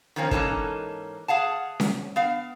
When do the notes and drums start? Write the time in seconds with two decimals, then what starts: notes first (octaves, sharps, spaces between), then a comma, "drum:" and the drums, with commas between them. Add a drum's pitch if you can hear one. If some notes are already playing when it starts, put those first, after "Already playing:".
0.16 D#3 F3 A#3 C4 C#4
0.31 G#2 E3 A#3 C#4 D#4 A4, drum: kick
1.28 G#4 F5 F#5 A5
1.80 drum: snare C#4
2.16 B3 F5